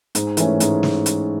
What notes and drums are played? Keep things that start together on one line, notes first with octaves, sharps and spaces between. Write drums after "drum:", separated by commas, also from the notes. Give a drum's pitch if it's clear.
G#2, drum: hi-hat
E3 A3 C#4, drum: hi-hat
G#2, drum: hi-hat
drum: snare
drum: hi-hat